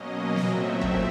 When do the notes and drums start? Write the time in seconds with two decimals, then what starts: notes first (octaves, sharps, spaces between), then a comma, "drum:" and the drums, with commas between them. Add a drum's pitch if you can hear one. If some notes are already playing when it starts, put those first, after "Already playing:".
Already playing: B2 F#3 A#3 C#4 D#5
0.36 A#2 F#3 A3 C4 E5, drum: snare
0.81 drum: kick